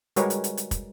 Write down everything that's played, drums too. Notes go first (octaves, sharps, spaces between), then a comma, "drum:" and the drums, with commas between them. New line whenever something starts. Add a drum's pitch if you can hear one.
G3 G#3 F#4 A#4 B4 C#5, drum: hi-hat
drum: hi-hat
drum: hi-hat
drum: hi-hat
drum: kick, hi-hat